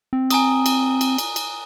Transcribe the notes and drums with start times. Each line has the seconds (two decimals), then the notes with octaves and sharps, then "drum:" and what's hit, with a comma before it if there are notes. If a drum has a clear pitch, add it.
0.13 C4
0.31 G#5 A#5 D#6, drum: cymbal
0.66 drum: cymbal
1.01 drum: cymbal
1.18 drum: cymbal
1.36 drum: cymbal